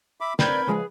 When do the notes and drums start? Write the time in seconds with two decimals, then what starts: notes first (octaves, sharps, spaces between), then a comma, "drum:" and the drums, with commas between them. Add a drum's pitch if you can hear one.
0.21 E5 B5 D6
0.39 B3 C4 A#4 B4 D5 B5 G6 G#6, drum: snare
0.68 C#3 F3 G#3 G#4